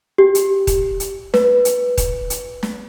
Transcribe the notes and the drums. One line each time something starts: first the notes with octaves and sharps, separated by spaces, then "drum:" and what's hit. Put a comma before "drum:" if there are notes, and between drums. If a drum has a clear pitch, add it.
G4
drum: hi-hat
drum: kick D#1, hi-hat
drum: hi-hat
B4, drum: snare
drum: hi-hat
drum: kick D#1, hi-hat
drum: hi-hat
drum: snare